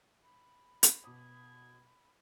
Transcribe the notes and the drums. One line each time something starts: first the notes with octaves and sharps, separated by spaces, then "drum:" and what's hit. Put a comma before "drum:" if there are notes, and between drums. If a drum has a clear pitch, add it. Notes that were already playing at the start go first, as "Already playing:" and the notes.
B5
drum: hi-hat
B2 D6 D#6 G#6